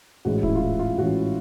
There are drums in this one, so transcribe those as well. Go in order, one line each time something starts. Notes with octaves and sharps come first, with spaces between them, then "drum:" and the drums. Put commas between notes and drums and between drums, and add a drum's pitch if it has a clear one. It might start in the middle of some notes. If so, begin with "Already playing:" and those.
A1 G#2 E3 G#3 C#4 F#4
E4, drum: kick D#1
F4
E4
F4
A1 G#2 E3 G#3 C#4 F#4